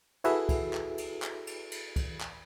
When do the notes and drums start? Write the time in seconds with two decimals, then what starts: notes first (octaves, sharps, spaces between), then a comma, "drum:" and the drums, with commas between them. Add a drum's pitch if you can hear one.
0.24 E4 F#4 G#4 A4 B4 E5, drum: cymbal
0.49 drum: kick, cymbal
0.73 drum: clap
0.98 drum: cymbal
1.22 drum: clap
1.47 drum: cymbal
1.72 drum: cymbal
1.96 drum: kick, cymbal
2.21 drum: clap